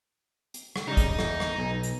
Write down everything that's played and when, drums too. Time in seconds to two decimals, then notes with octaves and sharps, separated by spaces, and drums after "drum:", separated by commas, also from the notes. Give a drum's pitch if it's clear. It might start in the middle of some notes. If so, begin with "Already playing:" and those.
0.54 drum: hi-hat
0.76 drum: rim click
0.88 C#3 G3 D#4
0.97 drum: kick, hi-hat
1.19 E2, drum: rim click
1.40 drum: rim click
1.58 B1
1.83 drum: hi-hat